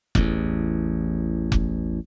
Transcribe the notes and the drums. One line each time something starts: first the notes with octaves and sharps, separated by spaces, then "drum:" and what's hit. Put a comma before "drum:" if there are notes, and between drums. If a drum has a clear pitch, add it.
A1 E2, drum: kick F1
drum: kick F1